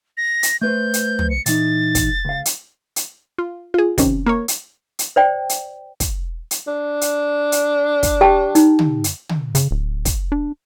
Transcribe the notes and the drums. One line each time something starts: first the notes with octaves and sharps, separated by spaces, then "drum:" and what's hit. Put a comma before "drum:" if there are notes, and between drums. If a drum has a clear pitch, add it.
A#6
drum: hi-hat
A3 B4 C5 G6
drum: hi-hat
drum: tom
C#7
A#2 E3 D#4 A6, drum: hi-hat
drum: kick, hi-hat
C#2 F5
drum: hi-hat
drum: hi-hat
F4
F4 G#4
C3 D#3 C#4, drum: kick, hi-hat
A#3 A#4 C#5
drum: hi-hat
drum: hi-hat
C5 D5 G5
drum: hi-hat
drum: kick, hi-hat
drum: hi-hat
D4
drum: hi-hat
drum: hi-hat
drum: kick, hi-hat
G4 G5 A5
D#4, drum: hi-hat
drum: tom
drum: hi-hat
drum: tom
C#3, drum: hi-hat
D1
drum: kick, hi-hat
D4